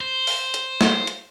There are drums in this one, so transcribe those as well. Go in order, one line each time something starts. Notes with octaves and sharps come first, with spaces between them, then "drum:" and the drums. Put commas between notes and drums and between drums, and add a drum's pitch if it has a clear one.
C5
drum: open hi-hat
drum: hi-hat
drum: snare
drum: hi-hat